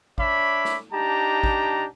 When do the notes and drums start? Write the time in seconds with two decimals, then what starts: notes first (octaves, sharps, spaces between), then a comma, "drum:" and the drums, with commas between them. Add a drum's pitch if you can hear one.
0.18 D4 C#5 E5 B5 D6, drum: kick
0.65 drum: snare
0.92 D4 D#4 G4 A5 A#5
1.43 drum: kick